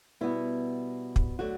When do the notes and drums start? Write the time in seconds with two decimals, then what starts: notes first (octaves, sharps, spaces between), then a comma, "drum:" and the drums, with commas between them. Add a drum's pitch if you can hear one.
0.21 B2 G3 B3 E4
1.16 drum: kick
1.39 D3 F#3 A3 F#4